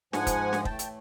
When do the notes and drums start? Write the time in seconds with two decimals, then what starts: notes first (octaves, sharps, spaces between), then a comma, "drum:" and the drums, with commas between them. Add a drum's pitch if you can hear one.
0.13 G#2 F3 G#3 F#5 G#5, drum: snare
0.27 drum: kick, hi-hat
0.53 drum: snare
0.65 A2 E3 A3 G5 A5, drum: kick
0.79 drum: hi-hat